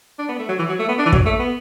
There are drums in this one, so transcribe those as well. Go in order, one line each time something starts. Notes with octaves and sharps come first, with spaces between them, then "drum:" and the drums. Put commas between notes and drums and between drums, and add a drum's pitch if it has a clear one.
D4
B3
A3
F#3
E3
F#3
A3
B3
D4
E3
F#3, drum: kick
A3
B3